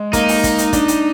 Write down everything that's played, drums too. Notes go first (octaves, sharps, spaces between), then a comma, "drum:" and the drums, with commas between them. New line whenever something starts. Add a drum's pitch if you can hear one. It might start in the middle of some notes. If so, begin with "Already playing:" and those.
Already playing: G#3
A#3 D#4, drum: kick, hi-hat
drum: open hi-hat
drum: kick, hi-hat
drum: hi-hat
D4, drum: kick, hi-hat
drum: hi-hat